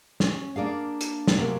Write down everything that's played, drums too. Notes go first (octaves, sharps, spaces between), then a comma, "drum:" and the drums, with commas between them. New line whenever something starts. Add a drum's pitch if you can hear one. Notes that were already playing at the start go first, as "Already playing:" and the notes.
C#4, drum: snare
A#3 D4 G#4 F5
drum: hi-hat
drum: snare
C3 F#3 G#3 A#3